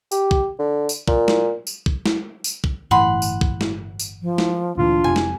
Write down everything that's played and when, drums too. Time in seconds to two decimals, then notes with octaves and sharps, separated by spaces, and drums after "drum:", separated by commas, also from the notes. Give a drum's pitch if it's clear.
0.12 G4, drum: tambourine
0.31 drum: kick
0.59 D3
0.89 drum: tambourine
1.08 A#2, drum: kick
1.28 drum: snare
1.67 drum: tambourine
1.86 drum: kick
2.06 drum: snare
2.44 drum: tambourine
2.64 drum: kick
2.91 G1 A2 E3 F#5 B5 C6
3.22 drum: tambourine
3.41 drum: kick
3.61 drum: snare
4.00 drum: tambourine
4.22 F3
4.38 drum: snare
4.78 D2 A#2 E3 D4 F4
5.04 F1 F2 C3 G#5
5.16 drum: snare